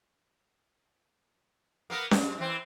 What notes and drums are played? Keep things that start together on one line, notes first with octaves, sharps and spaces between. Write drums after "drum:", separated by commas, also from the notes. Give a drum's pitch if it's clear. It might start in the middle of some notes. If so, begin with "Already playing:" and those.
A#3 B3 A#4
F#2, drum: snare C#4
E3 C4